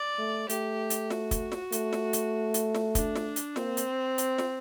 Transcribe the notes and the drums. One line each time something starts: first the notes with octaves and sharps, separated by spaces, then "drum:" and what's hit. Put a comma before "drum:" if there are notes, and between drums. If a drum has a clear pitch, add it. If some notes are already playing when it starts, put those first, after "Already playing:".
Already playing: D5
A3
A3 G4, drum: hi-hat
drum: hi-hat
F#4, drum: snare
drum: kick, hi-hat
drum: snare
A3, drum: hi-hat
drum: snare
drum: hi-hat
drum: hi-hat
drum: snare
D4, drum: kick, hi-hat
drum: snare
drum: hi-hat
A#3 C4, drum: snare
drum: hi-hat
drum: hi-hat
drum: snare